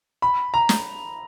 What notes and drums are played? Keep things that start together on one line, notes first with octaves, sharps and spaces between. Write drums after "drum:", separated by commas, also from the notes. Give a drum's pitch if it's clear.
B5
A#5
drum: snare